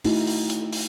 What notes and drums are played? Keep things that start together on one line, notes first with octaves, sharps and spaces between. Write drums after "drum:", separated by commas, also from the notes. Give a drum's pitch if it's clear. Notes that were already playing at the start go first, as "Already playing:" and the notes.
A3 D#4 E4 F#4, drum: open hi-hat
drum: open hi-hat
drum: hi-hat
drum: open hi-hat